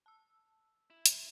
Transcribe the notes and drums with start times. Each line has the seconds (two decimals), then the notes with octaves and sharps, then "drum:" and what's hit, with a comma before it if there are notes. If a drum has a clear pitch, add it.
0.06 A5 E6
0.90 E4
1.06 drum: hi-hat